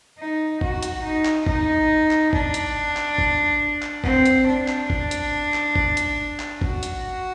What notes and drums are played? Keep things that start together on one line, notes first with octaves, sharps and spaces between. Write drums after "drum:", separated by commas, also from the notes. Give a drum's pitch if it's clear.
D#4
F#4, drum: kick G#1
drum: hi-hat
D#4
drum: clap
D#4, drum: kick G#1
drum: clap
D4, drum: kick G#1
drum: hi-hat
drum: clap
drum: kick G#1
drum: clap
C4, drum: kick G#1
drum: hi-hat
D4
drum: clap
drum: kick G#1
drum: hi-hat
drum: clap
drum: kick G#1
drum: hi-hat
drum: clap
F#4, drum: kick G#1
drum: hi-hat